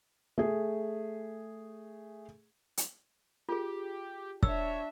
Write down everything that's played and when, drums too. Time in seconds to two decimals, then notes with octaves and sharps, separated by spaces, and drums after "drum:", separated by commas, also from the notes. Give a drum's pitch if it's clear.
0.38 A3 G#4
2.77 drum: hi-hat
3.49 F4 G4 G#4
4.43 D4 C#5 E5 E6, drum: kick